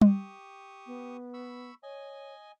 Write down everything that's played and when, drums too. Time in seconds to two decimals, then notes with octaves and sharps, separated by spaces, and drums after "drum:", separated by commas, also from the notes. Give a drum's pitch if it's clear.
0.01 G4 C#6 D#6, drum: tom G3
0.86 B3
1.34 B5 C#6 E6
1.83 C#5 D#5 G#5